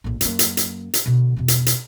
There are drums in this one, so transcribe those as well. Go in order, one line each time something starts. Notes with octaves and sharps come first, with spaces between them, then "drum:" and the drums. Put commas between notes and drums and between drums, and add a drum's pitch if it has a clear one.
A#1 A2
F#2 A#3, drum: hi-hat
drum: hi-hat
drum: hi-hat
drum: hi-hat
B2 D3
E2 B2
drum: hi-hat
drum: hi-hat